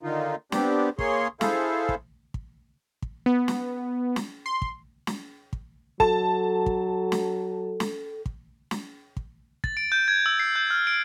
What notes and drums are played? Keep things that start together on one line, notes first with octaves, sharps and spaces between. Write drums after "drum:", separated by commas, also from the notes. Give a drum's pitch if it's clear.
D3 D#3 D#4 F4
B3 C4 D4 G4, drum: snare
A#3 G#4 C#5 C6, drum: kick
E4 G#4 A4 C5 F5, drum: snare
drum: kick
drum: kick
drum: kick
B3
drum: snare
drum: snare
C6
drum: kick
drum: snare
drum: kick
F#3 A4 A5, drum: kick
drum: kick
drum: snare
drum: snare
drum: kick
drum: snare
drum: kick
A6, drum: kick
D7
G6
G#6
E6
C7
G6
F6
D7